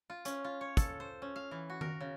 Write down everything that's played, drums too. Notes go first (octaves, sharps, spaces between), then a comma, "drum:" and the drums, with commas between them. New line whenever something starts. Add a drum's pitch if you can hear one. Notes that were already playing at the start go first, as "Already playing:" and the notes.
F4
C#4, drum: hi-hat
F4
C#5
A4, drum: kick, hi-hat
C5
C#4
F5
E3
F#4
A#4, drum: tom D#3
C#3